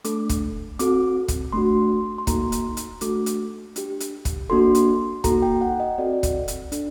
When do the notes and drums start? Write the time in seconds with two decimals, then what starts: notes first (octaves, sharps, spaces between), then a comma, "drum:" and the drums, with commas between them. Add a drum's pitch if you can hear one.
0.04 A3 D4 A4 D6, drum: hi-hat
0.29 drum: kick, hi-hat
0.79 C4 F#4 A4 D6, drum: hi-hat
1.28 drum: kick, hi-hat
1.53 A3 D4 F#4 C6
2.18 C6
2.27 A#3 D#4 F#4 A4 A#5, drum: kick, hi-hat
2.52 drum: hi-hat
2.77 drum: hi-hat
3.01 A3 D4 F#4 A4 D6, drum: hi-hat
3.26 drum: hi-hat
3.76 D4 G4, drum: hi-hat
4.00 drum: hi-hat
4.25 drum: kick, hi-hat
4.50 A#3 D4 F#4 A4 C6
4.75 drum: hi-hat
5.24 A#3 D#4 F#4 A4 A#5, drum: kick, hi-hat
5.42 G5
5.61 F#5
5.80 D#5
5.98 C4 F#4 A4 D5
6.23 drum: kick, hi-hat
6.48 drum: hi-hat
6.72 D4 A4, drum: hi-hat